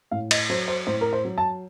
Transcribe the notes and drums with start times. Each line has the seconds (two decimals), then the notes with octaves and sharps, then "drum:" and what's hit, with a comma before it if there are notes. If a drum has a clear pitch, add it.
0.11 A2 F5
0.31 D#5, drum: cymbal
0.50 F#3 C5
0.68 C5
0.87 A2 C5
1.01 A#4
1.13 C5
1.25 F#3
1.38 A5